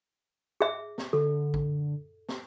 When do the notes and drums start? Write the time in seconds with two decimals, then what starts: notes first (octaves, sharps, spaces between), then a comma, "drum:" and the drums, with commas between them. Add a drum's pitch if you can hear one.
0.61 G#4 E5
0.98 drum: snare
1.13 D3 A4
1.54 drum: kick
2.29 drum: snare